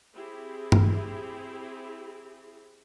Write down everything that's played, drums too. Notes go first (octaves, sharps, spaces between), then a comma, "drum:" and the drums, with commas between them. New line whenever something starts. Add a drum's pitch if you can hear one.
C4 E4 G4 G#4
drum: tom G2